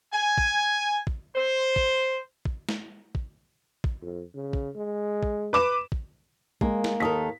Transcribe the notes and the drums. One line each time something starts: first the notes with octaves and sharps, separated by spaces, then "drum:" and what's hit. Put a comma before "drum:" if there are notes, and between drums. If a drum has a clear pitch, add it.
G#5
drum: kick
drum: kick
C5
drum: kick
drum: kick
drum: snare
drum: kick
drum: kick
F2
C#3
drum: kick
G#3
drum: kick
B4 D6 E7
drum: kick
G#3 A#3, drum: kick
drum: snare
D#2 A4 A#4 D#6 B6